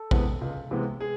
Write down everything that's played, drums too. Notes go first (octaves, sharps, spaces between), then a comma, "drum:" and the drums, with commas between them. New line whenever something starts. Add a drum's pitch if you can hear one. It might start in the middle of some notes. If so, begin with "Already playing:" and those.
Already playing: A4
C3 E3 G#3 B3, drum: kick A1
C#2
C3 E3 G#3 B3
G#4